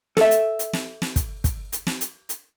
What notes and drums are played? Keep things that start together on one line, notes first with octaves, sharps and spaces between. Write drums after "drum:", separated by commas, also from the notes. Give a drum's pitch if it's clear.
A4 E5, drum: snare
drum: hi-hat
drum: hi-hat
drum: snare
drum: snare
drum: kick, hi-hat
drum: kick, hi-hat
drum: hi-hat
drum: snare
drum: hi-hat
drum: hi-hat